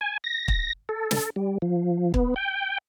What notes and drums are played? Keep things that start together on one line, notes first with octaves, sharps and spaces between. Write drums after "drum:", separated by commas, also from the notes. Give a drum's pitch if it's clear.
G#5
A#6
drum: kick
A4
drum: snare
G3
F3
B3, drum: kick
G5